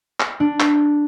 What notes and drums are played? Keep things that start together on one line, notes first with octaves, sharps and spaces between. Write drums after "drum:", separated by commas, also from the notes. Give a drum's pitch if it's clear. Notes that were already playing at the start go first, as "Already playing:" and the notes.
drum: clap
D4
drum: clap